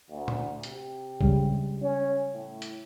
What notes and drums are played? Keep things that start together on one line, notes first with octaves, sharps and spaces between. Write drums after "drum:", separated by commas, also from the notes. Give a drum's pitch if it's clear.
D2
drum: tom
C3, drum: hi-hat
C#3 G3 G#3, drum: kick A1
C#4
A2
drum: hi-hat